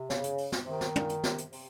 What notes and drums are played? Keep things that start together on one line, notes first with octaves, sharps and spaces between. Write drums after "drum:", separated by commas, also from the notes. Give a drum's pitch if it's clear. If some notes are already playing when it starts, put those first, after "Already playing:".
Already playing: C3
C#3, drum: snare
drum: hi-hat
drum: open hi-hat
drum: snare
C3 D#3
drum: snare
A#2, drum: tom
drum: hi-hat
C3, drum: snare
drum: hi-hat
C3, drum: open hi-hat